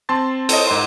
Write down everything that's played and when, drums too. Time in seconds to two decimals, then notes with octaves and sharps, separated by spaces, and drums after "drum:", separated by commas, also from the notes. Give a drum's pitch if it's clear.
0.09 C4 A5 C6 A6
0.49 A4 C5 C#5 D#5, drum: cymbal
0.67 G#2 C6